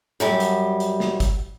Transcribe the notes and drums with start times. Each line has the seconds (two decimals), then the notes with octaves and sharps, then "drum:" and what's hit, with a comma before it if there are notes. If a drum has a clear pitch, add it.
0.20 F#2 F#3 G3
0.40 drum: hi-hat
0.80 drum: hi-hat
1.00 drum: snare
1.20 drum: kick, hi-hat